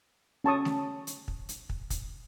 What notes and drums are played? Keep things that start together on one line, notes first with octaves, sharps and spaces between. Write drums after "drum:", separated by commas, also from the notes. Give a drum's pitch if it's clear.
C#4 A5 C#6 D#6
drum: snare A3
drum: hi-hat
drum: kick
drum: hi-hat
drum: kick
drum: kick, hi-hat